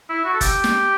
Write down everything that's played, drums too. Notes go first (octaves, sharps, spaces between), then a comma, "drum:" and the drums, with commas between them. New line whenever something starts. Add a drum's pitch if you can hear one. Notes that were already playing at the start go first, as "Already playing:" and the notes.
E4
F#4
A4
G4, drum: kick, hi-hat
drum: snare